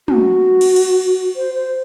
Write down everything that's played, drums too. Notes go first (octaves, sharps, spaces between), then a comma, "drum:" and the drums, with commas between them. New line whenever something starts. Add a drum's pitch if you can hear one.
F#4, drum: tom
drum: cymbal
drum: cymbal
C5
C5